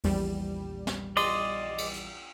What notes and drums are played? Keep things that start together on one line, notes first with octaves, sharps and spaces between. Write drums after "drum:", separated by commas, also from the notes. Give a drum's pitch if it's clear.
A#1 E2 G3, drum: open hi-hat
drum: snare
D5 D#5 C6, drum: cymbal
drum: cymbal
drum: hi-hat